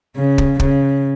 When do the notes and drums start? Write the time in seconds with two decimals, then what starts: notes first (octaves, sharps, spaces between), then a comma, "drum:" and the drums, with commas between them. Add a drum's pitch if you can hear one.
0.17 C#3
0.38 drum: kick
0.60 C#3, drum: kick